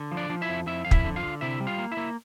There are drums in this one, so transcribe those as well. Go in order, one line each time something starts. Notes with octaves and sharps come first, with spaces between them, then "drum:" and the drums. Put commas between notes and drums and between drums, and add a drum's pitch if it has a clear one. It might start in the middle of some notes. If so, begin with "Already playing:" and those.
Already playing: D3
F3
D4 D5
F3
E4 E5
F2
F2 E4 E5
F2 F5
E4 E5, drum: kick
D3
F4 F5
D3
C3 E4 E5
G3
F4 F5
A#3
E4 E5
A#3